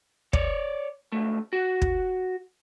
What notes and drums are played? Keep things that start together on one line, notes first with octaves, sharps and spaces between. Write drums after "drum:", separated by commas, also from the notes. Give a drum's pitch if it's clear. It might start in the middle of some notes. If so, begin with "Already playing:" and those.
C#5 D5, drum: kick
C#2 A3
F#4
drum: kick